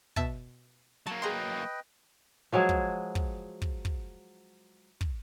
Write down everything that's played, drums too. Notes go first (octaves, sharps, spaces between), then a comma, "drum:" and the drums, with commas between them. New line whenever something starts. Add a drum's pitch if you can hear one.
B2 E5 A5, drum: kick
F#3 A#3 A5
G#4 B4 D#5 G5 A#5 C6
F3 F#3 G#3 G#4
drum: kick
drum: kick
drum: kick
drum: kick
drum: kick